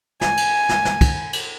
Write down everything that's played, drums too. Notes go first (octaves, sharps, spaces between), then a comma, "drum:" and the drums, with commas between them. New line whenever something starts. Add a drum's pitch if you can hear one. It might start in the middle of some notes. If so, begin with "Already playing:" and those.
G#5, drum: snare
drum: cymbal
drum: snare
drum: snare
drum: kick, cymbal
drum: cymbal